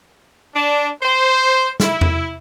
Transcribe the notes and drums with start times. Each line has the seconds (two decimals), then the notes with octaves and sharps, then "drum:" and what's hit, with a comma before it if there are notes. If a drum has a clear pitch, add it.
0.54 D4
1.02 C5
1.80 E4, drum: snare
2.01 drum: tom E2